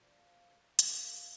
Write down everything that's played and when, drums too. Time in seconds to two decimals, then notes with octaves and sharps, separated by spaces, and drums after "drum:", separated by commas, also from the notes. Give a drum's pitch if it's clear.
0.01 F3 D4
0.79 drum: hi-hat
0.90 A#3